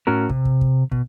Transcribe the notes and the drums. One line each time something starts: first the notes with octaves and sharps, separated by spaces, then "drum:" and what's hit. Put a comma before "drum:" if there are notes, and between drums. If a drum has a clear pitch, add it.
A2 C#4 F#4 A#4
C3, drum: kick
drum: kick
drum: kick
B2, drum: kick